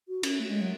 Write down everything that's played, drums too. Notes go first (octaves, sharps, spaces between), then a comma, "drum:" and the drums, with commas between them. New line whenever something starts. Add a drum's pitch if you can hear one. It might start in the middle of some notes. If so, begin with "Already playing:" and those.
F#4
C#4, drum: cymbal
A3
G#3
F#3